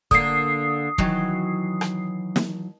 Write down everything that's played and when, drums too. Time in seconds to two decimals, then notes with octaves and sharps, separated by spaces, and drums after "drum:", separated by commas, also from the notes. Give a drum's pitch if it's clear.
0.11 D3 A#3 D#6 C7, drum: kick
0.98 D#3 E3 F#3, drum: kick
1.81 drum: rim click
2.36 drum: snare